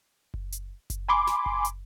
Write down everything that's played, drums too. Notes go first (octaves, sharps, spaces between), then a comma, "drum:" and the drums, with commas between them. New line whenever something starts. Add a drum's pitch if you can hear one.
drum: kick F#1
drum: hi-hat
drum: kick F#1, hi-hat
G#5 B5 C6 D6
drum: snare
drum: kick F#1
drum: hi-hat